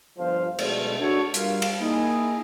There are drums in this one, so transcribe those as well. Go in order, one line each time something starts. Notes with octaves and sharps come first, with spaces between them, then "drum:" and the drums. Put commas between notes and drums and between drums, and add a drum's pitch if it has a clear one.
G1 F3 C5 F5
B1 B2 D3 G#3 A3, drum: cymbal
D4 F#4 A4 C#5
G3 A#3 F4 F5, drum: hi-hat
drum: cymbal
A#3 D#4 E4 G#4